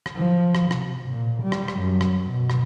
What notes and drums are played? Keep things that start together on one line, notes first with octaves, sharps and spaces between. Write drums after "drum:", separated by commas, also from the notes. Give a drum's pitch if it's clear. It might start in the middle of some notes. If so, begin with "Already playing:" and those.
drum: rim click
F3
drum: rim click
C3, drum: rim click
A#2
G3
drum: rim click
drum: rim click
F#2
drum: rim click
B2
drum: rim click